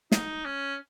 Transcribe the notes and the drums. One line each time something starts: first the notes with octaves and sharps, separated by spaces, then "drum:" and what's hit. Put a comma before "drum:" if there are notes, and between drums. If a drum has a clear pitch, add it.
D#4, drum: snare
C#4